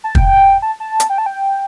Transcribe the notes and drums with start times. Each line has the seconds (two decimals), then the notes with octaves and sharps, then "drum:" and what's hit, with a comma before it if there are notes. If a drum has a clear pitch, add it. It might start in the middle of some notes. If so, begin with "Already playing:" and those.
0.04 A5
0.15 G5, drum: kick
0.62 A5
0.80 A5
1.00 drum: hi-hat
1.10 G5
1.18 A5
1.26 G5